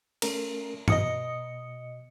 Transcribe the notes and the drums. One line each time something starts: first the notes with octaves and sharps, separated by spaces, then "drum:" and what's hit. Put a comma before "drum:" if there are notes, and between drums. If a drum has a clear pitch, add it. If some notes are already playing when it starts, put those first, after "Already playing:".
A3 C#4 A#4, drum: cymbal
B2 D#5 D#6 C#7, drum: tom G2